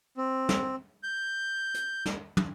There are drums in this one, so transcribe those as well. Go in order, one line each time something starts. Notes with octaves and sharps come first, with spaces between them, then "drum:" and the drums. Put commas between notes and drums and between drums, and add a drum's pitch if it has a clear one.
C4
drum: snare
G6
drum: hi-hat
drum: snare
drum: tom